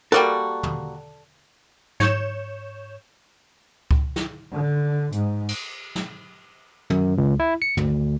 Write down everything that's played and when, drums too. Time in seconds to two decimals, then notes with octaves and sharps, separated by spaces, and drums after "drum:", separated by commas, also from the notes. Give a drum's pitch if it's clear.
0.12 G3 A#3 F#4 A4 D5
0.63 drum: tom
2.00 G#2 C#5 G6 E7, drum: snare
3.91 drum: kick C#2
4.16 drum: snare
4.51 D3
5.12 G#2, drum: hi-hat
5.49 drum: cymbal
5.95 drum: snare
6.90 F#2, drum: tom
7.18 C#2
7.40 E4
7.62 C#7
7.77 D2, drum: tom